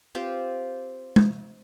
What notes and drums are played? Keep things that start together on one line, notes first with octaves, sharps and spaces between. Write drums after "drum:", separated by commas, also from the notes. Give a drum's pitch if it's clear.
C4 F4 G4 C5
drum: tom G#3